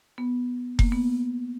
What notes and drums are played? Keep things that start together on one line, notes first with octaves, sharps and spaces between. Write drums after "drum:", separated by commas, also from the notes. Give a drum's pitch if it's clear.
B3
A#3, drum: kick F1
B3